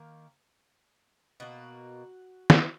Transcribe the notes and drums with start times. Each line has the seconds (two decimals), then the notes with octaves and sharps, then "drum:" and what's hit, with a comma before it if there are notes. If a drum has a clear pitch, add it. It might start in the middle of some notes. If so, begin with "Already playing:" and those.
Already playing: D#3 A#3
1.40 B2 A#3 F#4
2.50 drum: snare